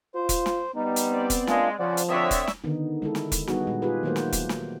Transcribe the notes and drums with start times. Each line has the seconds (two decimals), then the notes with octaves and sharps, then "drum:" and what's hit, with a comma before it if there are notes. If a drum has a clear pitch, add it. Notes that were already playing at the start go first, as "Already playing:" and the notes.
0.15 F4 C5
0.29 drum: kick E1, hi-hat
0.46 drum: snare
0.76 G3 B3 D#4
0.96 drum: hi-hat
1.07 C4 D5
1.30 drum: kick E1, hi-hat
1.47 G#3 A#3 D4 F4, drum: snare
1.80 C#3 F3 C5 D5 F#5
1.97 drum: hi-hat
2.09 D3 C4 C#5 D5 E5 D#6
2.31 drum: kick E1, hi-hat
2.48 drum: snare
2.64 D3 D#3 B3 D#4
3.02 G#3 E4 A4
3.15 drum: snare
3.32 drum: kick E1, hi-hat
3.47 G3 B3 D#4 F#4 G#4, drum: snare
3.67 A#2 G#3
3.82 F4 G4 G#4 B4
4.03 D#3 F#3 A3 A#3 F#4 C5
4.16 drum: snare
4.33 drum: kick E1, hi-hat
4.49 drum: snare